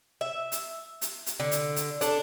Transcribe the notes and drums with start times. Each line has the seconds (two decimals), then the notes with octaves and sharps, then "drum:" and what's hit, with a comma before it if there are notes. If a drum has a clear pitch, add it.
0.21 E5
0.52 drum: hi-hat
1.02 drum: hi-hat
1.26 drum: hi-hat
1.40 D3
1.51 drum: hi-hat
1.76 drum: hi-hat
2.01 D4 A4, drum: hi-hat